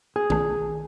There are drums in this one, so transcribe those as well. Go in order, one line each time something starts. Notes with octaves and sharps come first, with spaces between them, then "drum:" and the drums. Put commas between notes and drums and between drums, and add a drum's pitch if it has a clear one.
G#4
B1 A3, drum: tom D#3